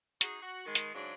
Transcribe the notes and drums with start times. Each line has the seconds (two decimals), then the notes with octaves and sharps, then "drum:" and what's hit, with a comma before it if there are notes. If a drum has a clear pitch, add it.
0.21 D#4 F#4 G#4, drum: hi-hat
0.42 F#4
0.65 D#3 G#3
0.75 drum: hi-hat
0.94 G#2 C#3 F#3 D4